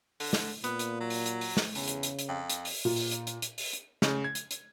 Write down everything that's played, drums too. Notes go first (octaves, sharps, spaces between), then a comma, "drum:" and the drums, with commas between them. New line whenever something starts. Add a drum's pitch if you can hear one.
D3, drum: open hi-hat
drum: snare
A#2 B3, drum: hi-hat
drum: hi-hat
F#3
drum: open hi-hat
drum: hi-hat
drum: open hi-hat
drum: snare
E2 C#3, drum: open hi-hat
drum: hi-hat
drum: hi-hat
drum: hi-hat
F2
drum: hi-hat
drum: open hi-hat
A#2
drum: open hi-hat
drum: hi-hat
drum: hi-hat
drum: hi-hat
drum: open hi-hat
drum: hi-hat
C#3, drum: snare
G#6
drum: hi-hat
drum: hi-hat